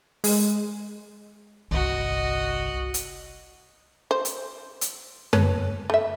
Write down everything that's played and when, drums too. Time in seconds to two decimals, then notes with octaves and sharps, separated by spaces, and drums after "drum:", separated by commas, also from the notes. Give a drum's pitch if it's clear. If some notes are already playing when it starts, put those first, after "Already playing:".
0.24 G#3, drum: open hi-hat
1.71 G1 C2 F#4 D#5
2.94 drum: hi-hat
4.11 C5
4.25 drum: hi-hat
4.81 drum: hi-hat
5.33 B4 C#5 A5, drum: tom F#2
5.90 A3 E5